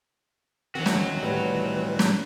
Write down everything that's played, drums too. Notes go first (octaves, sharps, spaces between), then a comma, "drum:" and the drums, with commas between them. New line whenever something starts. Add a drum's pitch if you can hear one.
D#3 E3 C4 F#4 C#5
drum: snare
A2 G3 B4
drum: snare